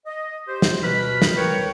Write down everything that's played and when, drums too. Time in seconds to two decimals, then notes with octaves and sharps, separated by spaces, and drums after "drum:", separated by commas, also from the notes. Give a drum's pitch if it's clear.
0.06 D#5
0.48 G4 C5
0.62 drum: snare
0.82 B2 B4 B5 F6
1.22 drum: snare
1.36 A#4 B4 C#5 G5